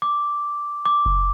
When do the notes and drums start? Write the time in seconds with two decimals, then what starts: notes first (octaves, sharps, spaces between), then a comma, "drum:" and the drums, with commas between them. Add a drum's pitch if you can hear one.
0.02 D6
0.85 D6
1.06 drum: kick F#1